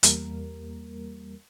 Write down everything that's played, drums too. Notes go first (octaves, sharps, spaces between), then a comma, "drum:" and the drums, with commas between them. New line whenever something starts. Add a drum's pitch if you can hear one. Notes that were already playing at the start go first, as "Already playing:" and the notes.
E2 G3 A#3 A#4, drum: hi-hat